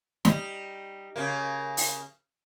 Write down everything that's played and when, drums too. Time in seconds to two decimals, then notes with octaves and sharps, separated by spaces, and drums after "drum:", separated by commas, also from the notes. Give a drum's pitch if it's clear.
0.25 G3 D#4, drum: snare
1.16 C#3 A#3
1.77 drum: open hi-hat